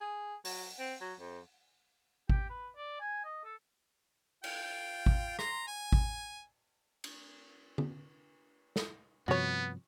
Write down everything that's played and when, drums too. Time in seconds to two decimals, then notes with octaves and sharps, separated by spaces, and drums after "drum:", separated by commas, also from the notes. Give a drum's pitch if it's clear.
0.01 G#4
0.45 F#3, drum: open hi-hat
0.79 C4
1.01 F#3
1.20 F2
2.29 G4, drum: kick G#1
2.50 B4
2.76 D5
3.00 G#5
3.24 D#5
3.45 A4
4.44 F4 G5, drum: cymbal
5.06 drum: kick G#1
5.39 A#5 C6, drum: rim click
5.67 G#5
5.92 drum: kick G#1
7.04 drum: cymbal
7.78 drum: tom D3
8.76 drum: snare
9.28 G2 C3 F3 B3 F#4 C#5